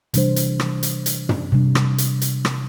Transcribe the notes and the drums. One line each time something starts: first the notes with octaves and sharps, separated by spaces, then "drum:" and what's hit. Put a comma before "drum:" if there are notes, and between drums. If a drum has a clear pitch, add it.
C3 E3 G3 D4 C5, drum: hi-hat
drum: hi-hat
drum: rim click
drum: hi-hat
drum: hi-hat
drum: tom
C3 G3 D4
drum: rim click
drum: hi-hat
drum: hi-hat
drum: rim click